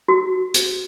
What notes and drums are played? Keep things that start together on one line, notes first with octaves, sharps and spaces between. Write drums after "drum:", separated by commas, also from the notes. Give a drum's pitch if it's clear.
F#4
drum: hi-hat